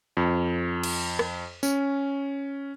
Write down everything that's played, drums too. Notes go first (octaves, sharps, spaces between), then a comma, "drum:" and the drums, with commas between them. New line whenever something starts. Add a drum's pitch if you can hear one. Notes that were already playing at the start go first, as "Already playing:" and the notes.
F2
drum: cymbal
drum: rim click
C#4, drum: tambourine